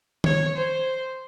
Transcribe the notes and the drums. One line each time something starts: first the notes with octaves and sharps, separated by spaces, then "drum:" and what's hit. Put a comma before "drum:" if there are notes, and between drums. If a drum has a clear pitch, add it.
C#5, drum: tom
C5